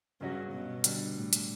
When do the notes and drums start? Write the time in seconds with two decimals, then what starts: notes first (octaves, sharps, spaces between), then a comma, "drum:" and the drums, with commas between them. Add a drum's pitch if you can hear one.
0.21 G2 C#3 F#3 C#4 F#4
0.52 B2
0.84 D3 G3 D4, drum: hi-hat
1.16 A2
1.33 drum: hi-hat